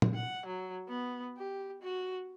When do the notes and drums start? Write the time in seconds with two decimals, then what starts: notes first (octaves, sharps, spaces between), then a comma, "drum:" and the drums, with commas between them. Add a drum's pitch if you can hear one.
0.02 drum: tom
0.14 F#5
0.46 F#3
0.89 B3
1.38 G4
1.82 F#4